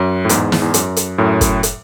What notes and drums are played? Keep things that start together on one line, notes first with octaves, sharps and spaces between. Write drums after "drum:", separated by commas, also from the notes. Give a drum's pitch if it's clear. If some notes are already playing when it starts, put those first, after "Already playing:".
Already playing: F#2
A2
E2 G#2, drum: hi-hat
drum: snare
E2
F#2, drum: hi-hat
drum: hi-hat
F#2 A2
drum: kick, hi-hat
drum: hi-hat